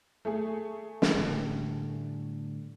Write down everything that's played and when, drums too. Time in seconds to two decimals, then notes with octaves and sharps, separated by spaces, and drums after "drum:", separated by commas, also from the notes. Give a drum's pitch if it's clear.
0.25 A3 G#4
1.02 drum: snare
1.14 A2 D3 G3